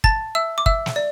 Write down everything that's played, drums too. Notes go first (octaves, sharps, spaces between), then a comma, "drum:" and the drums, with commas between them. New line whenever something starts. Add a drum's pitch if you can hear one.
A5 A6, drum: kick
E5 E6
D6
E5 E6, drum: kick
drum: snare
D5